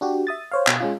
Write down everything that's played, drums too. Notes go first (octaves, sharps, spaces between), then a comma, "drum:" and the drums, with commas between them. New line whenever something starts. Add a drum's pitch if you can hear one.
D4 F#4 G4
E5 D#6 A6
C5 C#5 F5
B2, drum: clap
G#3 C#4 F4